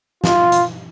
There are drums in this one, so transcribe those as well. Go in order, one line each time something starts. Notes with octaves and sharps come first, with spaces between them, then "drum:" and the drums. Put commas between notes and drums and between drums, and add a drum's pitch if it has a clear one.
F4, drum: snare
drum: hi-hat